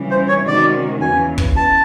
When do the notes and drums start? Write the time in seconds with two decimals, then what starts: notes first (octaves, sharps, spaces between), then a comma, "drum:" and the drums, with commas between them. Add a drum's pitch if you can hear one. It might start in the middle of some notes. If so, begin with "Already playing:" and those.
Already playing: C#3 E3 G3
0.11 C5
0.28 C#5
0.47 C3 D#3 G#3 C#4 F#4 D5
1.01 E2 C#3 E3 G#5
1.38 drum: kick
1.56 A5